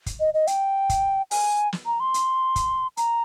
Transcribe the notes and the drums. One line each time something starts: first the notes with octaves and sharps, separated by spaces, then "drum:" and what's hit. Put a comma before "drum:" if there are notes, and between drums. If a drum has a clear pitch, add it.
drum: kick, hi-hat
D#5
D#5
G5, drum: hi-hat
drum: kick, hi-hat
G#5, drum: open hi-hat
drum: snare
A#5
C6
drum: hi-hat
drum: kick, hi-hat
A#5, drum: hi-hat